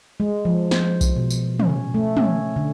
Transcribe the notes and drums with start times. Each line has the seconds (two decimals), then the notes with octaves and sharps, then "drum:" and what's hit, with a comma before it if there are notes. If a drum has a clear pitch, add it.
0.20 G#3
0.45 F3
0.71 C5, drum: snare
1.01 drum: kick B1, tambourine
1.16 B2
1.30 drum: tambourine
1.59 C#4, drum: tom
1.94 A3
2.17 C#4, drum: tom
2.56 D3